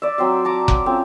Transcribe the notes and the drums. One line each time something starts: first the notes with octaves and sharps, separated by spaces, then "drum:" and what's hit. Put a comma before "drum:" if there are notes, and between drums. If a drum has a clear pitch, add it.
D5 E5
F#3 C4 C5 E5
A5 A#5 D6
drum: kick F1
C4 C#4 F4 A4